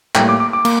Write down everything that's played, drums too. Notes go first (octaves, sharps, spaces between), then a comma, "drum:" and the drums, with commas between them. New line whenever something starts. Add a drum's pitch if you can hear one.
A2 G3 A#3 G5, drum: clap
D6
D6
D6
A#3, drum: cymbal